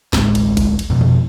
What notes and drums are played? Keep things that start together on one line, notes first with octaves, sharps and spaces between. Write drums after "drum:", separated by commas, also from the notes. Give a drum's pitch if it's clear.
D1 A1 G#3, drum: snare
drum: cymbal
drum: kick A1, cymbal
drum: cymbal
F2 B2
drum: tom A#2